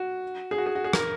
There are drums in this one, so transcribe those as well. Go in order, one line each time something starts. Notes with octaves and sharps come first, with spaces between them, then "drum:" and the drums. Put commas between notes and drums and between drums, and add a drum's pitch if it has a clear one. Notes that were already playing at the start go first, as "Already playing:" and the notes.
Already playing: F#4
G#4
F#4
G#4
F#4
G#4
A#4, drum: rim click